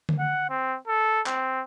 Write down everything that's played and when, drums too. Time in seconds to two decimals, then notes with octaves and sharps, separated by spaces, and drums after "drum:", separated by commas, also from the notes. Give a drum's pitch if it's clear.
0.09 drum: tom D3
0.19 F#5
0.50 C4
0.88 A4
1.26 C4, drum: clap